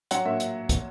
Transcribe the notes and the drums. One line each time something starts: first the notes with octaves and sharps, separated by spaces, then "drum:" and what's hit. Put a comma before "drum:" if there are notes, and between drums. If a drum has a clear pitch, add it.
F#3 F#5, drum: hi-hat
A#2 E5
drum: hi-hat
drum: kick, hi-hat